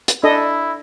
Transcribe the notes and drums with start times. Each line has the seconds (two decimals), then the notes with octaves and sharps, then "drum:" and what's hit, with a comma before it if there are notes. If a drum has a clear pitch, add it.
0.08 drum: hi-hat
0.23 D4 E4 A4 D#5